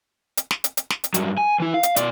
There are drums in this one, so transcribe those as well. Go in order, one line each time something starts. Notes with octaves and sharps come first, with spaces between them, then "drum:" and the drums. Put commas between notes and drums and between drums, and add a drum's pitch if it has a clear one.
drum: hi-hat
drum: snare
drum: hi-hat
drum: hi-hat
drum: snare
drum: hi-hat
G2 F#3, drum: hi-hat
G#5
E3 E4
F5
drum: hi-hat
B2 D5, drum: hi-hat